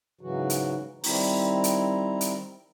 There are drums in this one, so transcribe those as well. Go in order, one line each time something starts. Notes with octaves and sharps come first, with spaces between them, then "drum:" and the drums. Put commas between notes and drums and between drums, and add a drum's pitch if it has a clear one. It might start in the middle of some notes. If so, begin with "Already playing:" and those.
G#2 C#3 E3 F#3 F#4
drum: hi-hat
D#3 G3 C4 E4 A#5, drum: open hi-hat
drum: hi-hat
drum: hi-hat